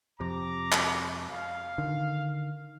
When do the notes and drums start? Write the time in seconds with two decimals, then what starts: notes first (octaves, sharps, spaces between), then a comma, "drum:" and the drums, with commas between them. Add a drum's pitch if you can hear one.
0.20 F2 C3 A#5 D6
0.72 drum: clap
1.30 F5
1.78 D3 D#3